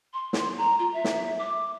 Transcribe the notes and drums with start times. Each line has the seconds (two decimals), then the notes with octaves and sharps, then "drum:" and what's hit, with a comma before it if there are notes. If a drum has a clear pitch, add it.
0.13 C6
0.33 drum: snare
0.57 A#5
0.79 F4
0.93 E5
1.04 drum: snare
1.39 D6